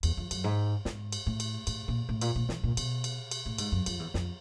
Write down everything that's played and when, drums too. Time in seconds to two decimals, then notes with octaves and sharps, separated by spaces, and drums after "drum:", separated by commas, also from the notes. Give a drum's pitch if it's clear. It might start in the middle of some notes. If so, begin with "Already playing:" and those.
0.03 E2, drum: cymbal
0.17 F2
0.31 F#2, drum: cymbal
0.44 G#2
0.85 G#2, drum: snare
1.12 drum: cymbal
1.26 A2
1.40 drum: cymbal
1.67 A2, drum: cymbal
1.88 A#2
2.09 A2
2.21 A#2, drum: cymbal
2.36 A#2
2.49 E3, drum: snare
2.63 A#2
2.77 B2, drum: cymbal
3.04 drum: cymbal
3.31 drum: cymbal
3.46 A2
3.58 G#2, drum: cymbal
3.72 F#2
3.86 F2, drum: cymbal
3.99 E2
4.14 F2, drum: snare